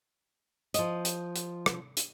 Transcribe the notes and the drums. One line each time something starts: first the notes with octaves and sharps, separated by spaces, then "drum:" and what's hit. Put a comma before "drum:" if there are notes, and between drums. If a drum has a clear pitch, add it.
F3 D#5, drum: hi-hat
drum: hi-hat
drum: hi-hat
drum: rim click
drum: hi-hat